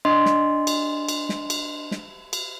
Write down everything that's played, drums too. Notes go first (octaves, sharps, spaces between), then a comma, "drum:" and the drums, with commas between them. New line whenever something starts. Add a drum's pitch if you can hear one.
D4 D#5 C6
drum: snare
drum: cymbal
drum: cymbal
drum: snare
drum: cymbal
drum: snare
drum: cymbal